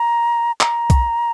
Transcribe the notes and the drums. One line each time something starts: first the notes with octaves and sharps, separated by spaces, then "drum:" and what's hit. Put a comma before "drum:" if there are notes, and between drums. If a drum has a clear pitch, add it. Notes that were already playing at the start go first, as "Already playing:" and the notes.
Already playing: A#5
A#5, drum: clap
drum: kick B1, hi-hat